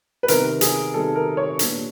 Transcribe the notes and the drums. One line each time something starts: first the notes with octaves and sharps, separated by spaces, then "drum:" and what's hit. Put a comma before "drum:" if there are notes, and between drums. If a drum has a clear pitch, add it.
B4
C3 D#3 G3 B3 A#4, drum: hi-hat
G#4, drum: hi-hat
C3 D#3 G3 B3 A4
A#4
C#5
A#2 G3 B3 D4, drum: hi-hat